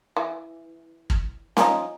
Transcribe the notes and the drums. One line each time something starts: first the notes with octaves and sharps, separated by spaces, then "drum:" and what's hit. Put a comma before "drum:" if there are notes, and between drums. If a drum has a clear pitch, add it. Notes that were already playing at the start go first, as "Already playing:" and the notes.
E3
drum: kick
F3 C#4 D#4, drum: snare